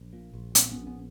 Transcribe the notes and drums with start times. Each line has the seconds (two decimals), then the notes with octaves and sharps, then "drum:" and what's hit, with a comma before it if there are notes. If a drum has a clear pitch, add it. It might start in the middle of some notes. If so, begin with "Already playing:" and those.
Already playing: A#1
0.13 A#2
0.34 A#1
0.55 A#2 A#3 C4, drum: hi-hat
0.66 C4
0.71 A#1 B3 C#4
0.87 B3 C#4